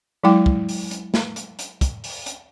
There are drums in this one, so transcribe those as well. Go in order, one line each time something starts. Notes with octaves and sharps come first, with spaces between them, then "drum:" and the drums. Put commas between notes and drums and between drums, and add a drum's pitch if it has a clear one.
F#3 G#3 E4 G5 D6
drum: kick
drum: open hi-hat
drum: hi-hat
drum: snare
drum: hi-hat
drum: hi-hat
drum: kick, hi-hat
drum: open hi-hat
drum: hi-hat